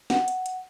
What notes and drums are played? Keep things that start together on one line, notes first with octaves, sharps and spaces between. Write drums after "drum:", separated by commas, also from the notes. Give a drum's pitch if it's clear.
F#5, drum: snare
drum: hi-hat
drum: hi-hat